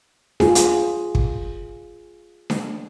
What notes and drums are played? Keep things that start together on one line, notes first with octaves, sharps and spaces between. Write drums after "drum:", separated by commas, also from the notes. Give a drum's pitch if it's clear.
F4 G#4, drum: snare D4
drum: hi-hat
drum: kick
drum: snare D4